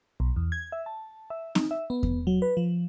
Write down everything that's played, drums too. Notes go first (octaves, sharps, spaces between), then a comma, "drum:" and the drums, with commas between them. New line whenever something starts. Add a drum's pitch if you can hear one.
B1
E2
G#6
E5
A5
E5
D#4, drum: snare C4
E5
B3
drum: kick E2
F#3
B4
F3